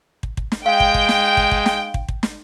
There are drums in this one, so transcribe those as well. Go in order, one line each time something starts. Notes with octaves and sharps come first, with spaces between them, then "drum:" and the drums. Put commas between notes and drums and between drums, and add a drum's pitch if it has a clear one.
drum: kick
drum: kick
drum: snare
G#3 F5 G5
drum: kick
drum: kick
drum: snare
drum: kick
drum: kick
drum: snare
drum: kick
drum: kick
drum: snare